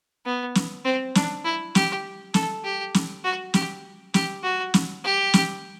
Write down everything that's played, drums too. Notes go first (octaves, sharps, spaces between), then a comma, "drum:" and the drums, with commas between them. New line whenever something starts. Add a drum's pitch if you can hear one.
B3
drum: snare
C4
D4, drum: snare
E4
G4, drum: snare
A4, drum: snare
G4
drum: snare
F#4
G4, drum: snare
G4, drum: snare
F#4
drum: snare
G4
drum: snare